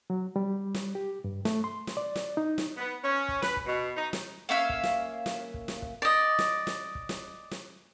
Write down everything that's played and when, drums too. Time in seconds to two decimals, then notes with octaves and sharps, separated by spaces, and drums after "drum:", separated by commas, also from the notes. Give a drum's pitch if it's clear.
0.10 F#3
0.36 G3
0.74 drum: snare
0.95 G4
1.24 G2
1.45 A3, drum: snare
1.64 C6
1.87 drum: snare
1.97 D5
2.16 drum: snare
2.37 D#4
2.58 drum: snare
2.77 B3
3.04 C#4
3.28 drum: kick
3.42 B4, drum: snare
3.57 drum: kick
3.66 B2
3.95 D#4
4.13 drum: snare
4.49 A#3 C#4 E5 F5
4.69 drum: kick
4.83 drum: snare
5.26 drum: snare
5.54 drum: kick
5.68 drum: snare
5.82 drum: kick
6.02 D5 D#5
6.39 drum: snare
6.67 drum: snare
6.95 drum: kick
7.09 drum: snare
7.51 drum: snare